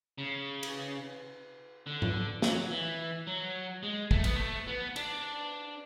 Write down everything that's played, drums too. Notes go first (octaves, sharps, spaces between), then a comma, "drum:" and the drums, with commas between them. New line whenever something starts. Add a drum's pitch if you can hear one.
C#3
drum: cymbal
D3
drum: tom G#2
F#3, drum: snare
E3
F#3
G#3
A3, drum: kick
B3, drum: cymbal
A3
B3
D4, drum: cymbal